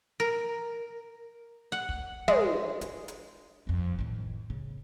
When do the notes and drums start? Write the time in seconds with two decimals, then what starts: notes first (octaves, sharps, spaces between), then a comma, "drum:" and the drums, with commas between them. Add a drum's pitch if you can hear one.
0.20 A#4
1.72 F#5
1.89 drum: kick
2.28 G#3, drum: tom
2.81 D4, drum: hi-hat
3.08 drum: hi-hat
3.67 G1 F2
3.99 A2 D#3
4.50 C#3